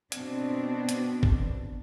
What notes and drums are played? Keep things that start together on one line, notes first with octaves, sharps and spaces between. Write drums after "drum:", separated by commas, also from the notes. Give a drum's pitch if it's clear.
B2 B3 C4 D4, drum: hi-hat
drum: hi-hat
drum: kick G#1